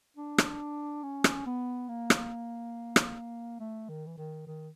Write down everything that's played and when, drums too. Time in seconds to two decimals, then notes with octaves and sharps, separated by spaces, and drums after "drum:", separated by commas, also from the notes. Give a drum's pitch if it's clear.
0.17 D4
0.38 drum: rim click
1.03 C#4
1.24 drum: rim click
1.46 B3
1.89 A#3
2.10 drum: rim click
2.96 drum: rim click
3.60 A3
3.89 D#3
4.06 E3
4.17 D#3
4.47 D#3